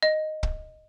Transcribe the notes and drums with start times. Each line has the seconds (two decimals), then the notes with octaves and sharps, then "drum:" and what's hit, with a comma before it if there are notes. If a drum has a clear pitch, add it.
0.03 D#5
0.43 drum: kick